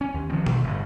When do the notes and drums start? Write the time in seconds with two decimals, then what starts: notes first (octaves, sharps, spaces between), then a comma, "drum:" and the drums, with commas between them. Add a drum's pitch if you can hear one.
0.01 C#4
0.14 D#2
0.29 C3 D#3 F3 C4
0.46 G#1, drum: tom B2
0.64 G1 A2